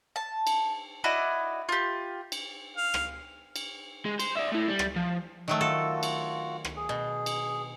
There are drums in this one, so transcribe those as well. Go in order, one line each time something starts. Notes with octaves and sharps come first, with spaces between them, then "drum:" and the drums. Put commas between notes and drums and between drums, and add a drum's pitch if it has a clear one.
A5
drum: cymbal
E4 F#4 D5 D#5
F4 G4
drum: cymbal
F5
drum: rim click
drum: cymbal
G#3
C5, drum: cymbal
D5 E5
A3 E4
G3
drum: rim click
F3
D#3 F#3 A3
F4 F#4 A4
drum: cymbal
drum: rim click
G#4
B2
drum: cymbal